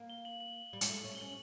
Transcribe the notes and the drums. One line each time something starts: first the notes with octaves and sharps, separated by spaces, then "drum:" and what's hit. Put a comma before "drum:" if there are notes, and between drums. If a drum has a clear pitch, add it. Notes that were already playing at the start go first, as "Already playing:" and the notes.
Already playing: A#3
G7
F#7
F#7
G3
G#3, drum: hi-hat
A3
C#4
G7
C#4 F#7